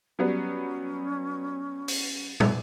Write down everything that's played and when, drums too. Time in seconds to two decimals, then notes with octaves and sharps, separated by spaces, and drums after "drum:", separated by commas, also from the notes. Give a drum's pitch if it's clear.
0.19 F#3 G3 B3 C#4
1.88 drum: open hi-hat
2.40 drum: tom